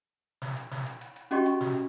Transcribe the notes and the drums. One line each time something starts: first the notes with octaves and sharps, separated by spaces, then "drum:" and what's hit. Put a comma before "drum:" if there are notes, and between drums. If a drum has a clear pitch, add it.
drum: snare
drum: hi-hat
drum: snare
drum: hi-hat
drum: hi-hat
drum: hi-hat
C#4 F#4 G4 D#5 G5 C#6, drum: hi-hat
drum: hi-hat
drum: snare